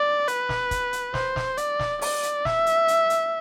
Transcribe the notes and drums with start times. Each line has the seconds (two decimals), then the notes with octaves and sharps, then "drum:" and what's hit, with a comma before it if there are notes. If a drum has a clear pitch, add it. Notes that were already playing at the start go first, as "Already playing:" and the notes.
Already playing: D5
0.28 B4, drum: hi-hat
0.49 drum: snare
0.71 drum: kick, hi-hat
0.93 drum: hi-hat
1.14 C5, drum: snare
1.36 drum: snare
1.57 D5, drum: hi-hat
1.80 drum: snare
2.02 D5, drum: open hi-hat
2.23 drum: hi-hat
2.45 E5, drum: snare
2.66 drum: hi-hat
2.88 drum: hi-hat
3.10 drum: hi-hat